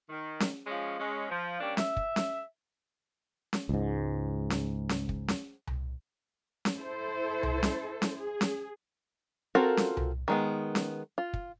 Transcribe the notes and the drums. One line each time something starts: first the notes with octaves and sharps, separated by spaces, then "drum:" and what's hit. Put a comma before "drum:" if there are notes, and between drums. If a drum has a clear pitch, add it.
D#3
drum: snare C#4
F3 G#3 C#4
G#3 C#4
F3
G3 A#3 C#4 D4
E5, drum: snare C#4
drum: kick
drum: snare C#4
drum: snare C#4
C#2 G#2
drum: snare C#4
drum: snare C#4
drum: kick
drum: snare C#4
drum: tom C2
drum: snare C#4
E4 A4 C5
drum: tom C2
drum: snare C#4
drum: snare C#4
G#4
drum: snare C#4
C4 F4 F#4 A4 A#4
drum: snare C#4
drum: tom C2
D#3 G#3 B3
drum: snare C#4
F4
drum: kick